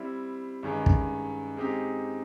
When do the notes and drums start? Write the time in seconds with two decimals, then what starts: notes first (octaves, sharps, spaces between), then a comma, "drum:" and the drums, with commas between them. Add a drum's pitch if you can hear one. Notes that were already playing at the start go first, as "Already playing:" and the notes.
Already playing: G3 C4 E4
0.63 G2 D#3 G#3 C#4
0.86 drum: kick
1.57 G#3 C4 D#4 G4